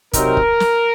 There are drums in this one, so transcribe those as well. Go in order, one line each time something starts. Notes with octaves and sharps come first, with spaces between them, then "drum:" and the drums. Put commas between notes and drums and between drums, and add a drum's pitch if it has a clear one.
C3 F#3 C4 D#4 A#4, drum: kick, hi-hat
drum: kick
drum: snare